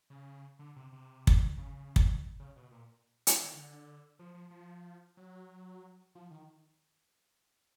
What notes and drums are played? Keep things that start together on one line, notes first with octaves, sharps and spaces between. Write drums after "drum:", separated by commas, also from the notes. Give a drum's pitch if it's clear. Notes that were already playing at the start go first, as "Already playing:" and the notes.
C#3
D3
C3
C3
drum: kick
C#3
drum: kick
C#3
B2
A#2
drum: hi-hat
D#3
D3
F3
F3
F3
F#3
F3
D#3